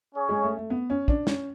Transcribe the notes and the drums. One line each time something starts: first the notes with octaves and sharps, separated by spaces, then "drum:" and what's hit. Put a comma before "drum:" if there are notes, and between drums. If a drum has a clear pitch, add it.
C#4 G#4 C#5
G#3
A3
A3
B3
C#4
D4, drum: kick
C#4, drum: snare